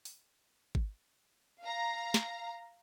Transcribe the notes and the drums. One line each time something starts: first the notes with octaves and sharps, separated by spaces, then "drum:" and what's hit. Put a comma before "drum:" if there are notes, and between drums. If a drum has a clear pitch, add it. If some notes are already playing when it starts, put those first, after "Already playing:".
drum: open hi-hat
drum: kick G#1
F5 A#5
drum: snare